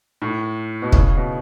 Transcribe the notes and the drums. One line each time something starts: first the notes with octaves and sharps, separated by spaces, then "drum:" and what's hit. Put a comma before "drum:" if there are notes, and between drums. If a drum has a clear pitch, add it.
A2
B2
C#3, drum: kick
B2